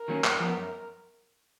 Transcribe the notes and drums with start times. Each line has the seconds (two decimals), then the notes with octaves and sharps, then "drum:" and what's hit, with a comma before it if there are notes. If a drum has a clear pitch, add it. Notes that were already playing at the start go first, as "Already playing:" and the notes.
Already playing: A#4
0.08 D#3 F#3 A#3 C#4
0.24 F#2, drum: clap
0.40 F3 B3
0.56 F#2